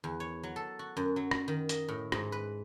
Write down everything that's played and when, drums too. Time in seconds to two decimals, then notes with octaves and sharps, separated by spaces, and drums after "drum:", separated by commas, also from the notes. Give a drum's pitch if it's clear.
0.04 E2
0.20 C#5
0.43 F#3
0.56 A4
0.79 F#4
0.97 F#2
1.16 F#3
1.31 drum: rim click
1.48 D#3
1.69 D#5, drum: hi-hat
1.89 A2
2.12 G#2, drum: rim click
2.32 B4